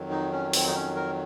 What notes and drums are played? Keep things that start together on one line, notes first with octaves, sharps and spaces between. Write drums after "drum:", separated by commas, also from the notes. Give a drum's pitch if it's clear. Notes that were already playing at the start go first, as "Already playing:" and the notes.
Already playing: F2 D#3 F#3
D#4
C#4
C4, drum: open hi-hat
D#4
C#4
A#4